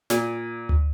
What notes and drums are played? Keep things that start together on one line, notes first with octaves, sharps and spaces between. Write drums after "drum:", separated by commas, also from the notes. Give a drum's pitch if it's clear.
A#2, drum: snare
drum: tom D2